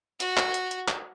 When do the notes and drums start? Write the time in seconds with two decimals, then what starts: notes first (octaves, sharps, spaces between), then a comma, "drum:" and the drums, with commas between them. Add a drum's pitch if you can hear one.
0.20 F#4, drum: hi-hat
0.37 drum: clap
0.54 drum: hi-hat
0.71 drum: hi-hat
0.88 drum: clap